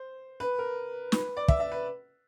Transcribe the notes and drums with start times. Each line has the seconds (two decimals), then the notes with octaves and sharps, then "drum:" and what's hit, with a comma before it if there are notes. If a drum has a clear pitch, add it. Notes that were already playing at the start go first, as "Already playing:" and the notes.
Already playing: C5
0.40 B4
0.59 A#4
1.12 B4, drum: snare
1.37 D5
1.48 E5, drum: kick
1.60 E5
1.72 B4